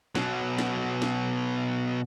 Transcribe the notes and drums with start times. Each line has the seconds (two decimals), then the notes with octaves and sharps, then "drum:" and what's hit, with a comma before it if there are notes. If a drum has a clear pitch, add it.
0.15 B2 F#3, drum: snare
0.59 drum: snare
1.02 drum: snare